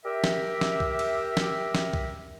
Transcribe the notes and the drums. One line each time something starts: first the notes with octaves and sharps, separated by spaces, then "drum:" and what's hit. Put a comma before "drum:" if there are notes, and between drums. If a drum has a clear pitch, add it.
G4 A#4 E5
drum: snare
drum: snare
drum: kick B1
drum: cymbal
drum: snare
drum: snare
drum: kick B1